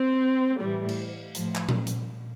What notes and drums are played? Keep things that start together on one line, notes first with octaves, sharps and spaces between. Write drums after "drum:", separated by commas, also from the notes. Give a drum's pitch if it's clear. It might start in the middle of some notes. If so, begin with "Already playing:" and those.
Already playing: C4
A2 E3 G3
drum: cymbal
A2 F3, drum: hi-hat
drum: clap
drum: tom A#2
drum: hi-hat